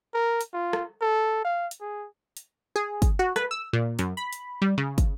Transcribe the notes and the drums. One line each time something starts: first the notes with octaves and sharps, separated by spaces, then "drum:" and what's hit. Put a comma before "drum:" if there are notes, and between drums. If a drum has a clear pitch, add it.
A#4
drum: hi-hat
F4
drum: rim click
A4
F5
drum: hi-hat
G#4
drum: hi-hat
G#4
drum: kick, hi-hat
F#4
B4, drum: rim click
E6
A#2
F#2, drum: hi-hat
B5
drum: hi-hat
G3
C#3
drum: kick, hi-hat